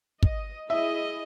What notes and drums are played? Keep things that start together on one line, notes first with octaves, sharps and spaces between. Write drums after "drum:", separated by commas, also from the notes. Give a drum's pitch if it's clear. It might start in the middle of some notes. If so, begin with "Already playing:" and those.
D#5, drum: kick
E4 G#4 D#5 E5